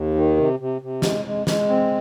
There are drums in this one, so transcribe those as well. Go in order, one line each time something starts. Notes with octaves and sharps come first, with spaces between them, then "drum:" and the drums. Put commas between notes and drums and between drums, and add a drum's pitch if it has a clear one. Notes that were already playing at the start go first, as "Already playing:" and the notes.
Already playing: D#2
D#3
C3
C3
C3
G#3, drum: snare
G#3
G#3, drum: snare
C4